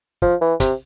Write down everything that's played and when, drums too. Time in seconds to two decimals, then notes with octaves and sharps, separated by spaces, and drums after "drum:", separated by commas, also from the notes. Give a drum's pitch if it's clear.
0.22 F3, drum: kick
0.41 E3
0.60 C3, drum: kick, hi-hat